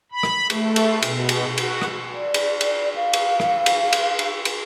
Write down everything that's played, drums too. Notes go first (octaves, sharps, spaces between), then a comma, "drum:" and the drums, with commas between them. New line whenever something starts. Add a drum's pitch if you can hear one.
B5
drum: rim click
A3, drum: cymbal
drum: cymbal
B2, drum: cymbal
drum: cymbal
F#4, drum: cymbal
drum: rim click
D5
drum: cymbal
drum: cymbal
F5
drum: cymbal
drum: rim click
drum: cymbal
drum: cymbal
drum: cymbal
drum: cymbal